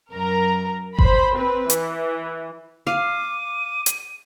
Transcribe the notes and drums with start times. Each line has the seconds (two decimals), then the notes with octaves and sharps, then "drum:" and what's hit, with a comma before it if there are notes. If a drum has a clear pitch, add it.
0.12 F#2 A#4 A#5
0.99 C5 B5, drum: kick G1
1.35 C4 B4
1.70 E3, drum: hi-hat
2.87 F5 D6 D#7
3.86 drum: hi-hat